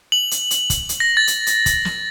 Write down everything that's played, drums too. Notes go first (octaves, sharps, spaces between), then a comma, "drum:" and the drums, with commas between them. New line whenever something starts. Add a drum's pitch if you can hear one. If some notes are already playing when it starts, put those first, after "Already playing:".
F#7
drum: hi-hat
drum: hi-hat
drum: kick, hi-hat
drum: hi-hat
A#6
A6
drum: hi-hat
drum: hi-hat
drum: kick, hi-hat
drum: snare